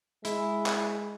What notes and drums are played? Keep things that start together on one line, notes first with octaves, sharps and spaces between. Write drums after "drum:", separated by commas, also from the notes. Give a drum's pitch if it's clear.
G#3 E4, drum: hi-hat
drum: clap